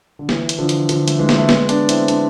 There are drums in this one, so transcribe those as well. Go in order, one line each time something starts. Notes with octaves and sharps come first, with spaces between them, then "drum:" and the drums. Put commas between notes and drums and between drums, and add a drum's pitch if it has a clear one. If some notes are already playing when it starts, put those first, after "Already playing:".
D3
E3, drum: snare
drum: hi-hat
D3 F3
drum: hi-hat
D3 F3, drum: hi-hat
A3, drum: hi-hat
E3 G#3
drum: snare
A3
G#3 B3, drum: snare
B3 D4, drum: hi-hat
C4 E4, drum: hi-hat
B3 D4, drum: hi-hat